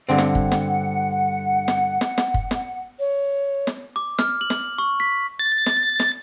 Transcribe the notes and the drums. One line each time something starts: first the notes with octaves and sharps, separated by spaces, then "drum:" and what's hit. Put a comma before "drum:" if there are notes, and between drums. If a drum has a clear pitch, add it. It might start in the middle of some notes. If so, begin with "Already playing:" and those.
G2 D3 C4 F#5
drum: snare
drum: kick
drum: snare
drum: snare
drum: snare
drum: snare
drum: kick
drum: snare
C#5
drum: snare
D6
F6, drum: snare
F#7
drum: snare
C#6
B6
A6
drum: snare
drum: snare